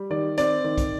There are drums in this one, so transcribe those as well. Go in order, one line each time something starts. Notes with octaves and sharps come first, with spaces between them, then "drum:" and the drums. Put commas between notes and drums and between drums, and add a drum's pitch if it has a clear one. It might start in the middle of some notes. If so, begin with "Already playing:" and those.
Already playing: G3
D#3 D5
C4 D5, drum: hi-hat
D#3
drum: kick, hi-hat